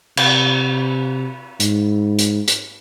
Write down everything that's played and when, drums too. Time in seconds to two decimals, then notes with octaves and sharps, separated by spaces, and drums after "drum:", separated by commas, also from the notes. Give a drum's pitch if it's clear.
0.17 C3, drum: cymbal
1.60 G#2, drum: hi-hat
2.19 drum: hi-hat
2.48 drum: hi-hat